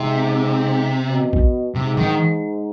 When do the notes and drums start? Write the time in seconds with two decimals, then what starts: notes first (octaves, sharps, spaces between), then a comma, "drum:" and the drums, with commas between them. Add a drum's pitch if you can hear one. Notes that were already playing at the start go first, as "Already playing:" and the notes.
Already playing: G#2 C3
1.07 B2
1.33 drum: kick A#1
1.75 G#2 C3
1.97 D#3, drum: tom A2